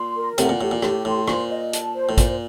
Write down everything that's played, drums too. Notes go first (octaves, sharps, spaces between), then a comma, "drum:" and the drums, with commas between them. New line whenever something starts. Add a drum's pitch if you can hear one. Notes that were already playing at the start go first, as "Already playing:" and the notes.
Already playing: A#2 C6
A#4
A2 C3 F#5, drum: hi-hat
A#2
A2 G4
A#2
A2 G4, drum: rim click
A2 C6
A#2 C5, drum: rim click
D#5
A5, drum: hi-hat
C5
A2
A#2 C5, drum: kick A1, hi-hat